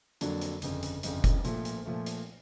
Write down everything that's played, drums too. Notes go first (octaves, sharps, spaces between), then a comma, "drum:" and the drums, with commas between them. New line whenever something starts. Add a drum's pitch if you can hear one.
F2 D3 F#3 A#3 D4, drum: hi-hat
drum: hi-hat
G1 F2 C#3, drum: hi-hat
drum: hi-hat
G1 F2 C#3, drum: hi-hat
drum: kick F1, hi-hat
A#2 F3 A3, drum: hi-hat
drum: hi-hat
A#2 F3 A3
drum: hi-hat